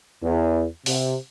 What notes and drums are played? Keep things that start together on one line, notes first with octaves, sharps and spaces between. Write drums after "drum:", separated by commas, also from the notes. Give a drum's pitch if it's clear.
E2
C3, drum: open hi-hat